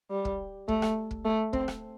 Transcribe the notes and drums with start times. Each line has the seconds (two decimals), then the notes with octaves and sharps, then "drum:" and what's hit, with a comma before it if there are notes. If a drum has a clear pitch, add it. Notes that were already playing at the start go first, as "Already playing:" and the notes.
0.11 G3
0.25 drum: kick
0.68 A3, drum: kick
0.82 drum: rim click
1.11 drum: kick
1.25 A3
1.53 C4, drum: kick
1.68 drum: rim click